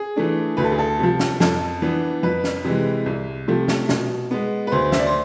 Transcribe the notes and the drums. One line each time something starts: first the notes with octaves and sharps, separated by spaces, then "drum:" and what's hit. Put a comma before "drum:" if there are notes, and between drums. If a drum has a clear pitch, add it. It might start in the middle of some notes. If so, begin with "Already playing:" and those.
Already playing: G#4
E3 A3 D4
D2 B4
A4
G#4
A4
C3 F3
drum: snare
F2 A4, drum: snare
E3 B3 D4
F2 B4
drum: snare
C3 E3 G#3
C2
C3 F3 A3
drum: snare
B2, drum: snare
G#3 B3
B4
D2 C5
E5, drum: snare
D5
C5